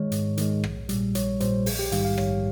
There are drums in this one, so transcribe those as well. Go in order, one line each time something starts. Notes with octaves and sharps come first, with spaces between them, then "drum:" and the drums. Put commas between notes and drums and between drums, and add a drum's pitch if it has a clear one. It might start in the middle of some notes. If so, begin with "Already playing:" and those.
Already playing: D#3 G#3 C#5
G#2, drum: hi-hat
D#3 G#3, drum: hi-hat
A#1, drum: rim click
A#2 G3, drum: hi-hat
A#1 C#5, drum: hi-hat
A#2 G3 C5, drum: hi-hat
A#1 G#4, drum: open hi-hat
G4
G#2 D#3 G3 F5, drum: hi-hat
F5
A#1 C#5, drum: rim click